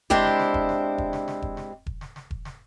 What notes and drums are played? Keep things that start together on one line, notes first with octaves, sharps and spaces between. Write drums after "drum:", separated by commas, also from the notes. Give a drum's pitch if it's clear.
G#3 C4 D4 E4 G4, drum: kick E1
drum: snare
drum: snare
drum: kick E1
drum: snare
drum: kick E1
drum: snare
drum: snare
drum: kick E1
drum: snare
drum: kick E1
drum: snare
drum: snare
drum: kick E1
drum: snare